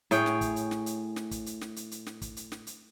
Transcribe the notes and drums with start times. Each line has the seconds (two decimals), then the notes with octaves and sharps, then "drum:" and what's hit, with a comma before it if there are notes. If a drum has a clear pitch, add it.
0.11 A2 G#4 C#5 G5, drum: hi-hat
0.26 drum: snare
0.41 drum: kick, hi-hat
0.56 drum: hi-hat
0.71 drum: snare
0.86 drum: hi-hat
1.16 drum: snare
1.31 drum: kick, hi-hat
1.46 drum: hi-hat
1.61 drum: snare
1.76 drum: hi-hat
1.91 drum: hi-hat
2.07 drum: snare
2.22 drum: kick, hi-hat
2.37 drum: hi-hat
2.52 drum: snare
2.67 drum: hi-hat